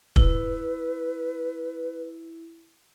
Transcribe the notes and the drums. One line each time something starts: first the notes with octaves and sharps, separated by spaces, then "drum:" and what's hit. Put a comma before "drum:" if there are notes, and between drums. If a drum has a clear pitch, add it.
E4 B4, drum: kick